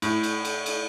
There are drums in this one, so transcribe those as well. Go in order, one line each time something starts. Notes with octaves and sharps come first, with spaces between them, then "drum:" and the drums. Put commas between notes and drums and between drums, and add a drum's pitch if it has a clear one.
A2, drum: cymbal
drum: cymbal
drum: cymbal
drum: cymbal